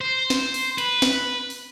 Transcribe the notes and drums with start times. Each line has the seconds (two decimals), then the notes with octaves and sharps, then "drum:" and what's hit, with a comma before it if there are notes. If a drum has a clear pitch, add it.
0.01 C5
0.30 drum: snare
0.54 drum: open hi-hat
0.78 B4, drum: hi-hat
1.02 drum: snare
1.50 drum: open hi-hat